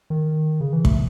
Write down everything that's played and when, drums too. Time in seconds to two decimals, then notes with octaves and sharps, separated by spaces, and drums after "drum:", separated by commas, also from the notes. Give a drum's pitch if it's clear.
0.10 D#3
0.61 C#3
0.73 E3
0.85 A3, drum: kick